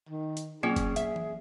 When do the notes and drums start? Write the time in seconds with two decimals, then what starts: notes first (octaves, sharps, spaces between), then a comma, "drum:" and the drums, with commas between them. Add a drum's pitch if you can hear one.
0.09 D#3
0.37 drum: hi-hat
0.63 F#3 A#3 C#4 F4 G#4
0.76 drum: kick, hi-hat
0.96 E5, drum: hi-hat
1.16 drum: tom E3